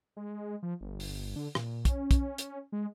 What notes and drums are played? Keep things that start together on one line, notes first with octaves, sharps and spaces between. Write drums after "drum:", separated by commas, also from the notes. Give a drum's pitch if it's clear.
G#3
F3
G1
drum: open hi-hat
D3
A#2, drum: rim click
C#4, drum: kick, hi-hat
drum: kick, hi-hat
drum: hi-hat
G#3